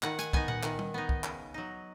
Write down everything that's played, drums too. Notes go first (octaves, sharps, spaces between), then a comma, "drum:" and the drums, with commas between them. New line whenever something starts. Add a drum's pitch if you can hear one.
D#3 F#5, drum: clap
G#5, drum: hi-hat
B3 D#4 G#5, drum: kick
F#5, drum: tom A#2
D#3, drum: clap
drum: tom G3
B3 D#4
drum: kick
C#3, drum: clap
F#3 D#4